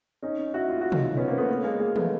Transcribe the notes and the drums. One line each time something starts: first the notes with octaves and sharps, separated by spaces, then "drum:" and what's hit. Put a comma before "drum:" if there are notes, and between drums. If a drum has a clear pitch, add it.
C#4 D#4
E4 F#4
F4
F#4
D#4 F4, drum: tom
B3 C#4
A#3 C4
A3 B3
G#3 A#3
G#3 A#3
A3 B3, drum: tom